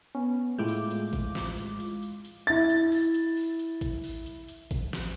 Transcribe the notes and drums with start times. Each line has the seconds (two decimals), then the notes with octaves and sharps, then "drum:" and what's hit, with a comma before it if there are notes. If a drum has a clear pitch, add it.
0.15 B3 C#4
0.58 A2 G#3 E4 F4 D6 G6
0.68 drum: hi-hat
0.90 drum: hi-hat
1.13 drum: kick A1, hi-hat
1.35 drum: snare
1.58 drum: hi-hat
1.80 drum: hi-hat
2.02 drum: hi-hat
2.25 drum: hi-hat
2.47 E4 A6, drum: hi-hat
2.69 drum: hi-hat
2.92 drum: open hi-hat
3.14 drum: hi-hat
3.37 drum: open hi-hat
3.59 drum: hi-hat
3.81 drum: kick A1, hi-hat
4.04 drum: open hi-hat
4.26 drum: hi-hat
4.48 drum: hi-hat
4.71 drum: kick A1, hi-hat
4.93 drum: snare